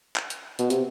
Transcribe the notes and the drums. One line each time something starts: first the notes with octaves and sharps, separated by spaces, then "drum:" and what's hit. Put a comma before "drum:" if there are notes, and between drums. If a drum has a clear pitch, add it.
drum: clap
drum: hi-hat
B2, drum: hi-hat
C3, drum: hi-hat